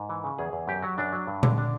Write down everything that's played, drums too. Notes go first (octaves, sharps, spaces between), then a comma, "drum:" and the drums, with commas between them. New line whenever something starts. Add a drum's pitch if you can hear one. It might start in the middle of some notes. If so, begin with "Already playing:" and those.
Already playing: G#2 A#4
E3
C#3
E2 G#4
E2
F#2 G4
F#3 F#4
F#2 D4
F#3
G2
D3, drum: tom A#2
D4